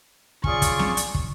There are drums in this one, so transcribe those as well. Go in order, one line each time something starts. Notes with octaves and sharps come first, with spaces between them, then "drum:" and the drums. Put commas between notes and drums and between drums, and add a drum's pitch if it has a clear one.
C#4 F4 G#4 D5 C#6, drum: kick
drum: kick, hi-hat
drum: snare
drum: hi-hat
drum: kick